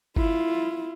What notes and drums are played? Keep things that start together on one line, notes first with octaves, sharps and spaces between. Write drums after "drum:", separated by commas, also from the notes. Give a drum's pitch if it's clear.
E4 F4, drum: kick G1